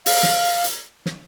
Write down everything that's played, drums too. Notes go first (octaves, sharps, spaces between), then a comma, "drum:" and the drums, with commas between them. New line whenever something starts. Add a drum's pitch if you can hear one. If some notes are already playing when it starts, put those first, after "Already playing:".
F5, drum: open hi-hat
drum: snare
drum: hi-hat
drum: snare